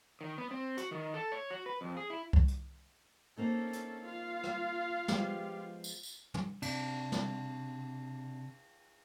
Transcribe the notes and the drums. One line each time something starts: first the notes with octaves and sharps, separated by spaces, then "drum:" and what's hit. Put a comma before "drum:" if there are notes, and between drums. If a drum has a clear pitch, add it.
D#3
B3
C4
F#4, drum: hi-hat
D#3
A4
C#5
F#4
B4
F2
G#4
E4
drum: kick C2
drum: hi-hat
A#3 C4 C#4 D#4 A4
drum: hi-hat
F4 F5
drum: rim click
F3 G#3 B3 G4, drum: snare
drum: tambourine
drum: tambourine
drum: tom
C3 D4, drum: cymbal
drum: snare